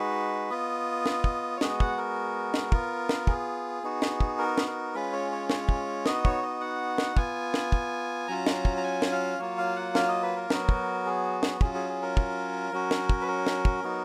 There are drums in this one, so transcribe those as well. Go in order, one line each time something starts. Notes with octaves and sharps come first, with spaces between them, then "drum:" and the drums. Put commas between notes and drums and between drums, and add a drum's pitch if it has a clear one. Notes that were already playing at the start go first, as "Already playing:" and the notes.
Already playing: G#3 D#4 F#4 B4
B3 F4 D#5
drum: snare
drum: kick
C#5
G#3 B3 F#4 D#5, drum: snare
F#5, drum: kick
A#4
drum: snare
B3 F4, drum: kick
drum: snare
G#4, drum: kick
B3 D#4 F#4
drum: snare
drum: kick
A#4
drum: snare
A#4
G#3 C#4 F4 B4
C#5
C#5
C#5, drum: snare
drum: kick
B3 D#4 F#4 D#5, drum: snare
C#5, drum: kick
D#5
F#5
drum: snare
B3 F4 G#5, drum: kick
drum: snare
drum: kick
F#3 C#4 F4 A#5
drum: snare
drum: kick
A#5
G#5
drum: snare
F5
F#3 A#3 F4 C#5
F5
F#5
F5, drum: snare
D#5
B4
A#4
F#3 B3 F#4, drum: snare
drum: kick
G#4
drum: snare
F#3 C#4 F4 G#4, drum: kick
G#4
G#4
A#4
drum: kick
F#3 C#4 F#4
drum: snare
drum: kick
B4
A#4
drum: snare
drum: kick
F#3 B3 D#4 F#4